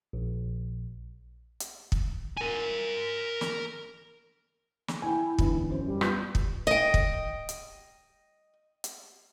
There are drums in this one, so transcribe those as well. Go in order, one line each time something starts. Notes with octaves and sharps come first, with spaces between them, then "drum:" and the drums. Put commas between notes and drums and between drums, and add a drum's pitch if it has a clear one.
A#1
drum: hi-hat
drum: kick
A#4 G#5
drum: snare
drum: snare
E4 G5 G#5
B1 D3 E3, drum: kick
F#2 C5
G3
B3 F4 G6, drum: rim click
drum: kick
D#5 G5
drum: kick
drum: hi-hat
drum: hi-hat